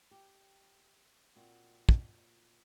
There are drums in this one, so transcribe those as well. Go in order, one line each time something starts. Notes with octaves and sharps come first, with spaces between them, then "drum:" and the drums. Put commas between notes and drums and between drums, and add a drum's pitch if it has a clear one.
G4
A#2 C4 F#4
drum: kick